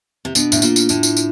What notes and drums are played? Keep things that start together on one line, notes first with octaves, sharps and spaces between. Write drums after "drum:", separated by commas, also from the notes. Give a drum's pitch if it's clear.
C3
B2 D4, drum: tambourine
A2, drum: tambourine
A#2 F4, drum: tambourine
drum: tambourine
A2 F4, drum: tambourine
drum: tambourine
drum: tambourine